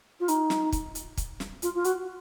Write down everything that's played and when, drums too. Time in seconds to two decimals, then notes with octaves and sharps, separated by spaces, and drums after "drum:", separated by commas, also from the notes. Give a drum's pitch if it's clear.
0.19 F4
0.28 D#4, drum: hi-hat
0.50 drum: snare
0.72 drum: kick, hi-hat
0.95 drum: hi-hat
1.17 drum: kick, hi-hat
1.40 drum: snare
1.62 F4, drum: hi-hat
1.74 F4
1.84 F#4, drum: hi-hat